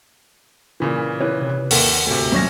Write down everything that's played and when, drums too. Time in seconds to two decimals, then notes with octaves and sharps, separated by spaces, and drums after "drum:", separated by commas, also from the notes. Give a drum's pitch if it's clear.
0.80 A#2 C#3 E3
1.21 E4 B4 C#5
1.41 C3 B4
1.71 D#2 A4 F#5, drum: open hi-hat
2.07 D2 C3
2.32 D#1 F#3 A#3 C#4 A#6